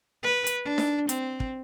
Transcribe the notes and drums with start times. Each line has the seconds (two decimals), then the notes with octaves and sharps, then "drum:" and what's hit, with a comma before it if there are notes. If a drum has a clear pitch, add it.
0.23 B4
0.47 drum: hi-hat
0.64 D4
0.78 drum: snare D#4
1.09 C4, drum: hi-hat
1.40 drum: kick